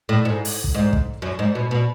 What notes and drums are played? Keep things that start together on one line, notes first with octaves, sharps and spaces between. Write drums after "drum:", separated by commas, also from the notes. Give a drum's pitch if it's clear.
A2
G#2
drum: open hi-hat
drum: kick
G#2
drum: kick
F#2
G#2
B2
B2